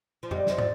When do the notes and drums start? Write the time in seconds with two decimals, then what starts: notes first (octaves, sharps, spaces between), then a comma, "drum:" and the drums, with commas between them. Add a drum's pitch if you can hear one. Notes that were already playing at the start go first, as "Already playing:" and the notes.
0.23 F3
0.31 G2 G3 D#5, drum: tom F2
0.47 F2 F3 D#5, drum: snare
0.58 D5, drum: tom